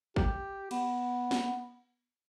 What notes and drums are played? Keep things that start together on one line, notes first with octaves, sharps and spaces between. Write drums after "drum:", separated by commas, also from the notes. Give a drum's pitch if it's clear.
G4, drum: kick
B3, drum: cymbal
drum: snare